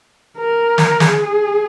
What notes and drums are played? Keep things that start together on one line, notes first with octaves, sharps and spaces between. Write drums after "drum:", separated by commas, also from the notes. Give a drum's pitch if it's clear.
A#4
drum: snare
G#4, drum: snare